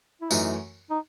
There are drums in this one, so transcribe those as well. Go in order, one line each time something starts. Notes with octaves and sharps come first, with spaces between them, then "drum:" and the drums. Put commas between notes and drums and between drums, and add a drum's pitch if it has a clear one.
E4
F#2 E3 A3 D#4, drum: tambourine
D#4